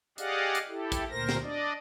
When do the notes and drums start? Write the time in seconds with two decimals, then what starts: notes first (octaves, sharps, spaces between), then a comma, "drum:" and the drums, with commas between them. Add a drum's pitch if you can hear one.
0.18 G4 G#4 D5 D#5 F5 F#5, drum: hi-hat
0.55 drum: hi-hat
0.69 E4 G4 A4
0.92 drum: kick, hi-hat
1.10 D2 A#2 A#4 C5 A#6
1.29 drum: snare
1.43 D4 D5 D#5